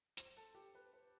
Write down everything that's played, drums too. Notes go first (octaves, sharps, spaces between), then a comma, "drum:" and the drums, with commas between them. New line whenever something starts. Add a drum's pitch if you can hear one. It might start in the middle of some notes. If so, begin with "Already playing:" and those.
C5, drum: hi-hat
A4
G4
B4
B4